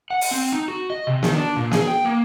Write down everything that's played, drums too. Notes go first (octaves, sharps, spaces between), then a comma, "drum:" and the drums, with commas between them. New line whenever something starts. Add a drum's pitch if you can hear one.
F#5
drum: open hi-hat
C4
D#4
F#4
D#5
C3
D#3, drum: snare
D4
A#2
G#4, drum: snare
G5
A#3